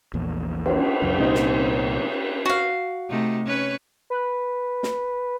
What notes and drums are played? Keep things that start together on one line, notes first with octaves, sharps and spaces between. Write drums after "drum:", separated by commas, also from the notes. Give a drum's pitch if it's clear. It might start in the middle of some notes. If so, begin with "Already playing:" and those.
A#1 E2 A#2
drum: cymbal
C#2 F#2
C2 A#2 C4 D#4
drum: snare
F#4 F5
C3 A3 D#4
C#4 B4 C#5
B4
drum: snare